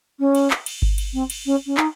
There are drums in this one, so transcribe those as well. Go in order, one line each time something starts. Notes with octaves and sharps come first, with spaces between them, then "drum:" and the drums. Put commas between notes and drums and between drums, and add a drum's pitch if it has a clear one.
C#4
drum: cymbal
drum: clap
drum: cymbal
drum: kick G1
drum: cymbal
C4
drum: cymbal
C#4
C#4
D#4, drum: clap